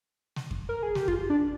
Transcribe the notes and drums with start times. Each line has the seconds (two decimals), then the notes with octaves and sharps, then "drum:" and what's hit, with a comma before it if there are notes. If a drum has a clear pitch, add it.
0.36 drum: snare
0.51 drum: kick F2
0.69 A#4
0.83 G#4
0.95 G4, drum: snare
1.08 F4, drum: kick F2
1.30 D4